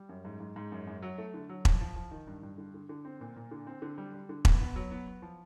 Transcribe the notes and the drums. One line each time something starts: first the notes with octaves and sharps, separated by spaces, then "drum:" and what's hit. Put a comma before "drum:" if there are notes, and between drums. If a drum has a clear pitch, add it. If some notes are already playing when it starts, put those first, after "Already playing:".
Already playing: G3
F#2
G#2
G#2
G#2
F#2
F#2
F#3
A3
D3
F#3
F3, drum: kick E1
F3
F3
D#3
G2
G2
D3
D3
D3
C4
A#2
A#2
D3
C4
D3
G3
G3
D3
B3, drum: kick E1
B3
F#3
B3
B3
F3